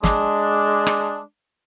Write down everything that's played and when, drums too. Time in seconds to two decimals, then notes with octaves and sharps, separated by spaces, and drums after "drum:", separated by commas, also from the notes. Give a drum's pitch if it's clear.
0.03 G#3 D4, drum: snare
0.87 drum: rim click